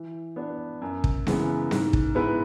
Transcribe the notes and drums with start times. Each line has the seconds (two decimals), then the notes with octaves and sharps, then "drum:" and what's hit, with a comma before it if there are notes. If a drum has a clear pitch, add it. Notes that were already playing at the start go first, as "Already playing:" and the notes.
Already playing: E3
0.36 B3 D4
0.82 F#2
1.04 drum: kick
1.27 C#3 E3 G#3 B3, drum: snare C4
1.71 G#2, drum: snare C4
1.93 drum: kick
2.15 G#3 B3 E4 B4